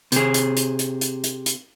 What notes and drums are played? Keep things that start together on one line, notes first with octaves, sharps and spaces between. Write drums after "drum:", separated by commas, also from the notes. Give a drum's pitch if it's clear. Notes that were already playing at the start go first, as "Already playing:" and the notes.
C3 G#4, drum: hi-hat
drum: hi-hat
drum: hi-hat
drum: hi-hat
drum: hi-hat
drum: hi-hat
drum: hi-hat